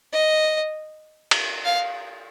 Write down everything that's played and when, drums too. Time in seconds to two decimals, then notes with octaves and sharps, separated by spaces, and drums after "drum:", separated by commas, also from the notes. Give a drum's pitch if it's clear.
0.13 D#5
1.31 drum: cymbal
1.65 F5